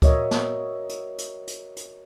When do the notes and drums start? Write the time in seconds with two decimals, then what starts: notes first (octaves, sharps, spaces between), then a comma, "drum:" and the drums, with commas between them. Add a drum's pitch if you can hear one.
0.02 F#4 A#4 C#5 D#5 E5, drum: kick, hi-hat
0.31 drum: snare
0.89 drum: hi-hat
1.18 drum: hi-hat
1.47 drum: hi-hat
1.77 drum: hi-hat